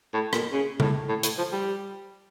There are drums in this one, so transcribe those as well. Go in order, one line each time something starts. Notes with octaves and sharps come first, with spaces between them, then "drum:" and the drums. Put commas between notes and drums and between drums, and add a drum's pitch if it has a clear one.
A2
A#2, drum: rim click
C#3
A2, drum: tom C#3
A2
A2, drum: hi-hat
F3
G3